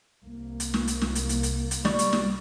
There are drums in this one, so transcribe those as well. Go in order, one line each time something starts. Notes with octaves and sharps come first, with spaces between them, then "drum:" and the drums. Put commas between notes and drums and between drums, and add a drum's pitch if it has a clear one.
C2 A#3
drum: hi-hat
drum: snare
drum: hi-hat
drum: snare
drum: hi-hat
drum: hi-hat
drum: hi-hat
drum: hi-hat
G3 D5 C#6, drum: snare
drum: hi-hat
drum: snare